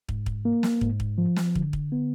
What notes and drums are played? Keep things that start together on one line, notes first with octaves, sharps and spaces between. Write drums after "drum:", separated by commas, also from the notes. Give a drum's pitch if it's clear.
G#2, drum: kick
drum: kick
A#3
drum: snare
G#2, drum: kick
drum: kick
F3
drum: snare
D3, drum: kick
drum: kick
B3